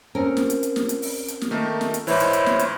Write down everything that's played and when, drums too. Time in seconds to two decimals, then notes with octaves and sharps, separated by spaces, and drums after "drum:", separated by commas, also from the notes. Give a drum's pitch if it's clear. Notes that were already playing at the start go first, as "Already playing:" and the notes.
0.15 C4 C#4 A#4
0.37 drum: snare
0.50 drum: hi-hat
0.63 drum: hi-hat
0.76 drum: snare
0.89 drum: hi-hat
1.02 drum: open hi-hat
1.28 drum: hi-hat
1.41 drum: snare
1.51 D#3 A3 A#3
1.81 drum: snare
1.94 drum: hi-hat
2.07 G#2 E3 E4 C5 C#5, drum: open hi-hat
2.20 drum: hi-hat
2.33 drum: hi-hat
2.46 drum: snare
2.59 drum: hi-hat